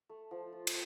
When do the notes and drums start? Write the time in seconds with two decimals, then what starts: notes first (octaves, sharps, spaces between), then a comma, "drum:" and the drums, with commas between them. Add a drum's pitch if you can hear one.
0.09 A3
0.31 F3
0.53 F4
0.67 drum: cymbal